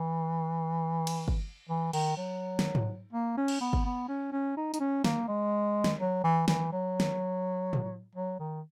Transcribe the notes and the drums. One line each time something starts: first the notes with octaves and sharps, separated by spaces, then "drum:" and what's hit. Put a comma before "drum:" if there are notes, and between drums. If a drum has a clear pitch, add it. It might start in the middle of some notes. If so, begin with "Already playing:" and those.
Already playing: E3
drum: cymbal
drum: kick
E3
D#3, drum: cymbal
F#3
drum: snare
drum: tom G#2
A#3
C#4
drum: cymbal
B3
drum: kick
B3
C#4
C#4
D#4
D#4, drum: hi-hat
C#4
A#3, drum: snare
G#3
drum: snare
F#3
E3
E3, drum: snare
F#3
drum: snare
drum: tom A2
F#3
D#3